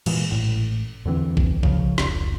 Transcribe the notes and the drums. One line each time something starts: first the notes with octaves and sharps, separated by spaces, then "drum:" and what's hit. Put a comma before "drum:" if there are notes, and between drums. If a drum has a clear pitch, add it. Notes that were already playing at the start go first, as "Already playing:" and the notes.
A#2 E3 G#3, drum: cymbal
A1 A2
E2 D3 E3 C4
drum: kick A1
C#3 F3, drum: kick A1
F1 C#2, drum: snare